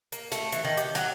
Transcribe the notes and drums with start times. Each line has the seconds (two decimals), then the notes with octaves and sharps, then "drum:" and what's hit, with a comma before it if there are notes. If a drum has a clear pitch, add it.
0.12 A#3, drum: hi-hat
0.32 A3, drum: snare
0.52 E3, drum: hi-hat
0.65 D#3
0.77 G4, drum: hi-hat
0.95 F#3, drum: snare